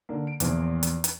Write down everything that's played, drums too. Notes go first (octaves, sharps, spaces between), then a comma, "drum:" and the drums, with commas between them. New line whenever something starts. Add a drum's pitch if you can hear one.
D3 A#3
D7
E2 A#2 E3 F3, drum: hi-hat
drum: hi-hat
drum: hi-hat